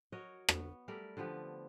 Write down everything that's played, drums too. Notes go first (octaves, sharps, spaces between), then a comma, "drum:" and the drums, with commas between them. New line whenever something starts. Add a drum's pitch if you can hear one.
F#4 A#4 C#5 D#5
B3, drum: rim click
G3 A3 A#4 D5
D3 F3 B3 G4